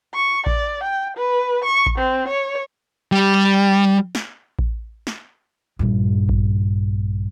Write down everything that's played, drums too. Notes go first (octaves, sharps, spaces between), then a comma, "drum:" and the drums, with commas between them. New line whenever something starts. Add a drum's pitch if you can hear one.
C#6
D5, drum: kick A1
G5
B4
C#6
drum: kick A1
C4
C#5
G3
drum: snare
drum: kick A1
drum: snare
A#1 G2
drum: kick A1